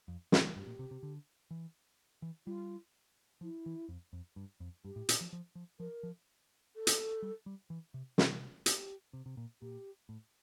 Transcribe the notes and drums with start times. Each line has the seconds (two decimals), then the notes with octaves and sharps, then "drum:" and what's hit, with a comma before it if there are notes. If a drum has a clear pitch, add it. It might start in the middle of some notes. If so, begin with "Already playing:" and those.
0.08 F2
0.32 A2, drum: snare
0.55 G2 G4
0.67 A#2
0.79 C3
0.91 C3
1.03 D3
1.51 E3
2.22 E3
2.46 G3 F4
3.41 F3 E4
3.66 E3
3.89 F2
4.13 F2
4.36 G2
4.60 F2
4.84 G2 G4
4.96 A2
5.09 A#2, drum: hi-hat
5.21 F3
5.33 F3
5.55 F3
5.79 F3 A#4
6.03 F3
6.75 A4
6.87 drum: hi-hat
7.22 G3
7.46 G3
7.70 E3
7.94 C3
8.18 C3, drum: snare
8.66 G4, drum: hi-hat
9.13 C3
9.26 C3
9.37 A#2
9.62 A#2 G4
10.09 A2